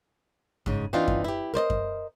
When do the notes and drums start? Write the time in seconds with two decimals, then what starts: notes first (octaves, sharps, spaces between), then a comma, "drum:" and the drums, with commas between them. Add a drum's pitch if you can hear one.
0.66 G#2 C#3, drum: kick F#2
0.93 E3 C4 D4 D#4 F4
1.08 drum: kick F#2
1.24 E4 G4
1.54 A#4 C5 D5 D#5
1.70 drum: kick F#2